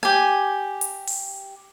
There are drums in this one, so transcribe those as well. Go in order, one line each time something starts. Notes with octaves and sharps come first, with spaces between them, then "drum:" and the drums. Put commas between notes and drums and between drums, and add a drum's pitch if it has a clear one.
G4 G#5
drum: hi-hat
drum: open hi-hat